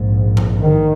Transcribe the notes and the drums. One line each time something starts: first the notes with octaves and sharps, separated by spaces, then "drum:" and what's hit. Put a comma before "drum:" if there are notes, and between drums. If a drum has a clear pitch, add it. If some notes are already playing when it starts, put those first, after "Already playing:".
Already playing: A#1 G#2
drum: tom G#2
D#3